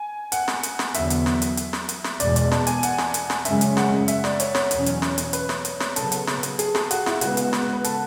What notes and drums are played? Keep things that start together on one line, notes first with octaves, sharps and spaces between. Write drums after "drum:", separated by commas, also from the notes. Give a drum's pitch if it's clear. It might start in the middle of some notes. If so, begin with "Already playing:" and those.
Already playing: G#5
F#5, drum: hi-hat
drum: snare
drum: hi-hat
drum: snare
E2 D3 F#3 B3 E5, drum: hi-hat
drum: hi-hat
drum: snare
drum: hi-hat
drum: hi-hat
drum: snare
drum: hi-hat
drum: snare
E2 B2 G#3 D5, drum: hi-hat
D5, drum: hi-hat
A5, drum: snare
G#5, drum: hi-hat
F#5, drum: hi-hat
drum: snare
drum: hi-hat
drum: snare
F#2 C#3 G#3 C#4 E5, drum: hi-hat
drum: hi-hat
F#5, drum: snare
E5, drum: hi-hat
D5, drum: snare
C#5, drum: hi-hat
C#5, drum: snare
E2 B2 F#3 C#4, drum: hi-hat
drum: hi-hat
drum: snare
drum: hi-hat
B4, drum: hi-hat
drum: snare
drum: hi-hat
drum: snare
C#3 F#3 B3 A4, drum: hi-hat
drum: hi-hat
drum: snare
drum: hi-hat
G#4, drum: hi-hat
G#4, drum: snare
F#4, drum: hi-hat
E4, drum: snare
C#3 G#3 B3 F#4, drum: hi-hat
drum: hi-hat
drum: snare
B4
A4, drum: hi-hat